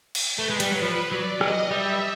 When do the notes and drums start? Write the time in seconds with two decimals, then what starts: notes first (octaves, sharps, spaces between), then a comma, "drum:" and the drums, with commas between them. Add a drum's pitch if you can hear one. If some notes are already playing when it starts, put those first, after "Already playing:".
0.15 drum: cymbal
0.38 A3 B4
0.50 G#3
0.60 G3, drum: hi-hat
0.71 F#3
0.82 F3 B4
1.11 F#3 D5
1.41 F#3 D#5, drum: rim click
1.71 G3 E5